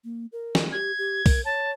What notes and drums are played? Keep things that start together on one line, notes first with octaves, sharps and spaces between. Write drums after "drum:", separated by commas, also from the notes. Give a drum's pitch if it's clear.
A#3
A#4
drum: snare
G4 G#6
G4
A#4, drum: kick, open hi-hat
C#5 A5